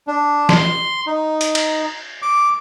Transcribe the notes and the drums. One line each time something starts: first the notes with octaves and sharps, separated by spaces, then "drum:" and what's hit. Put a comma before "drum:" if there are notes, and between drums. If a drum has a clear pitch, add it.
D4
C6, drum: snare
D#4
drum: hi-hat
drum: cymbal
D6